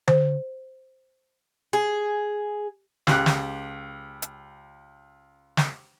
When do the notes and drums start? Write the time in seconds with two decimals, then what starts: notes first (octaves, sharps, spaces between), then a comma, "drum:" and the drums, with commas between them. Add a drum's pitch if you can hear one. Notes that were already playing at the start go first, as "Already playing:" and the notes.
0.08 C5, drum: tom D3
1.73 G#4
3.07 C#2 G4 F#6, drum: snare
3.26 drum: snare
4.22 drum: hi-hat
5.57 drum: snare